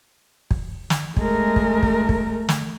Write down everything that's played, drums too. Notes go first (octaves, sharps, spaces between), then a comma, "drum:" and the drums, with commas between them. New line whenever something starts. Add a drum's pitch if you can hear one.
drum: kick
drum: snare
G#3 A3 A#4, drum: kick
drum: kick
drum: kick
drum: kick
drum: snare